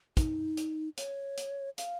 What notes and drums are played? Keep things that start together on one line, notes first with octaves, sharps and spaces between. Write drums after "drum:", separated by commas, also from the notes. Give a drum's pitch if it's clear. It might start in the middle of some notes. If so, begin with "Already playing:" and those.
D#4, drum: kick, hi-hat
drum: hi-hat
C#5, drum: hi-hat
drum: hi-hat
F5, drum: hi-hat